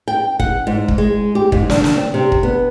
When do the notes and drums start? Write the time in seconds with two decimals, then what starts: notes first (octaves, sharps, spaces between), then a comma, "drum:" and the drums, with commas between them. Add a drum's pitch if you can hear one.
0.08 G5
0.40 F#5, drum: kick
0.67 G#2
0.88 drum: kick
0.98 G#3
1.35 G4
1.52 G#2, drum: kick
1.70 D4, drum: snare
1.84 drum: snare
1.97 C4
2.14 C3
2.32 drum: kick
2.43 B3